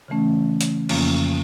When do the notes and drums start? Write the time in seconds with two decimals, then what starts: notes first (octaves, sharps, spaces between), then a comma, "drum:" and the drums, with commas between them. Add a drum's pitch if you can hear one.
0.08 C#3 E3 A3 C#4
0.61 drum: hi-hat
0.89 F2 C#3 F3 A#3 C#4, drum: cymbal